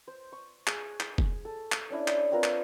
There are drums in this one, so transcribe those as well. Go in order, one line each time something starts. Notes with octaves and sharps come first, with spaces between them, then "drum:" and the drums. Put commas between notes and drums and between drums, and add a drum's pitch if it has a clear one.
C5
C#6
G#4, drum: clap
drum: clap
drum: kick
A4
drum: clap
C#4 D4 E4
drum: clap
C4 F4 A#4 B4
drum: clap